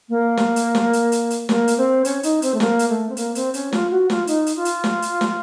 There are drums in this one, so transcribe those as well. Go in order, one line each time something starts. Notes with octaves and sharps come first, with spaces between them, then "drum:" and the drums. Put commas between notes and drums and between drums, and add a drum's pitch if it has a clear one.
A#3
drum: snare
drum: hi-hat
drum: snare
drum: hi-hat
drum: hi-hat
drum: hi-hat
A#3, drum: snare
drum: hi-hat
C4
C#4, drum: hi-hat
D#4, drum: hi-hat
C4, drum: hi-hat
A3
A#3, drum: snare
drum: hi-hat
A3
C4
A#3, drum: hi-hat
C4, drum: hi-hat
C#4, drum: hi-hat
F4, drum: snare
F#4
F4, drum: snare
D#4, drum: hi-hat
drum: hi-hat
F4
drum: hi-hat
drum: snare
drum: hi-hat
drum: snare